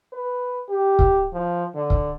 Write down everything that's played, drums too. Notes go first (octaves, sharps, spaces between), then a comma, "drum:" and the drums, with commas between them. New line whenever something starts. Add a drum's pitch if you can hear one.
B4
G4
drum: kick
F3
D3
drum: kick